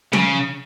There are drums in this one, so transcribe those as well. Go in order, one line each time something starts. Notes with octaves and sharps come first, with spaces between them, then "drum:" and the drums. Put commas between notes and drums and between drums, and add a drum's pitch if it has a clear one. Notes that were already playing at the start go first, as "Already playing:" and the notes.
C#3, drum: tom